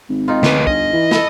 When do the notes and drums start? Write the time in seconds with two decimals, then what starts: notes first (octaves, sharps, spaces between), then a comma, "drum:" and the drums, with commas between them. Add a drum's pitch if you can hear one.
0.09 G#1
0.28 D#3 D#4 F4
0.43 D2 B4, drum: snare
0.67 G1 C#4 D#5, drum: kick
0.93 E3
1.11 E4 A4, drum: snare